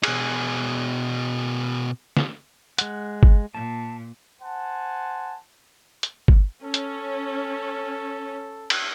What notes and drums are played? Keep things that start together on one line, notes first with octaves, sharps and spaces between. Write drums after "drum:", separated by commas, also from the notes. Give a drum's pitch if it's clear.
B2 G#4, drum: cymbal
drum: snare
G#3 F#5, drum: hi-hat
drum: kick G1
A#2 A5
C5 F#5 G#5 A5
drum: hi-hat
drum: kick G1
C#4 A4
drum: hi-hat
drum: cymbal